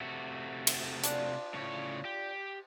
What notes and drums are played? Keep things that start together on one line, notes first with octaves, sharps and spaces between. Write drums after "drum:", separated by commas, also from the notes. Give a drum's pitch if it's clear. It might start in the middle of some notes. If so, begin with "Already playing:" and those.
C3 A3 F#4
drum: cymbal
D4 F4 D5, drum: hi-hat
A2 C#3 C#5
G4